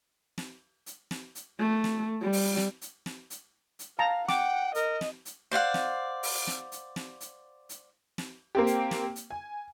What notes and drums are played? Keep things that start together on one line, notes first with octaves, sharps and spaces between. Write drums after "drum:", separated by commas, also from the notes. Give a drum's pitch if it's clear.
drum: snare
drum: hi-hat
drum: snare
drum: hi-hat
A3
drum: snare
G3
drum: open hi-hat
drum: snare
drum: hi-hat
drum: snare
drum: hi-hat
drum: hi-hat
F5 A5 A#5
F#5 G5 D6, drum: snare
A#4 D#5, drum: hi-hat
drum: snare
drum: hi-hat
C5 D5 F5 F#5
drum: snare
drum: open hi-hat
drum: snare
drum: hi-hat
drum: snare
drum: hi-hat
drum: hi-hat
drum: snare
A#3 C4 G4
drum: hi-hat
drum: snare
drum: hi-hat
G#5